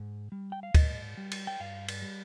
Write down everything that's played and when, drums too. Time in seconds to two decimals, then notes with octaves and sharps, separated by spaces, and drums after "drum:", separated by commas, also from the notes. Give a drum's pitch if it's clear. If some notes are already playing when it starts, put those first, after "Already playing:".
Already playing: G#2
0.32 G3
0.52 G5
0.63 F5
0.75 G#2 D#5, drum: kick, cymbal
1.17 G3
1.31 drum: cymbal
1.47 G5
1.60 G2 F5
1.88 drum: cymbal
2.02 G3